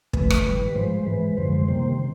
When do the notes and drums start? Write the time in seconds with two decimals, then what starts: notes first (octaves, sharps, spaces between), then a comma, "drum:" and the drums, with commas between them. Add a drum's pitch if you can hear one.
0.13 E2 C#3 F3 A3 B4, drum: kick
0.30 drum: rim click
0.45 G#2 D#3 G3
0.75 G#2 F3 G#3 C5
1.06 G#2 E3 G#3 B4
1.37 F#2 D3 F3 G#3 C5
1.52 C5
1.68 C3 D#3 G3 A#3 C5
1.99 C#3